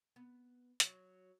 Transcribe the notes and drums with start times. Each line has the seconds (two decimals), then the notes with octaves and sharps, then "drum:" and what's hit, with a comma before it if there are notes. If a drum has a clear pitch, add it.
0.16 B3
0.80 F#3, drum: hi-hat